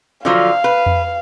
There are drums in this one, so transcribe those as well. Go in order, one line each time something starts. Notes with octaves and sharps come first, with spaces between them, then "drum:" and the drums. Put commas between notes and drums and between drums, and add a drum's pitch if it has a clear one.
D3 F3 F#3 F5
B4
drum: tom F2